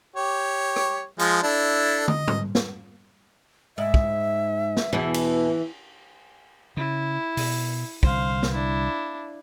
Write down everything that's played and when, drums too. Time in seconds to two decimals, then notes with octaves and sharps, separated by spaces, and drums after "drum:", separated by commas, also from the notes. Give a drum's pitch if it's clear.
0.16 G4 C#5
0.76 drum: rim click
1.19 F3 G#3, drum: hi-hat
1.43 D4 E4 A4
2.08 D#5, drum: tom
2.28 drum: tom G#2
2.55 drum: snare
3.78 G#2 E5
3.94 drum: kick
4.77 drum: snare
4.93 E2 B2 E3
5.14 drum: cymbal
6.77 C#3 E4
7.37 B2, drum: open hi-hat
8.03 C2 D3 C5 F5, drum: kick
8.43 drum: snare
8.53 D4 E4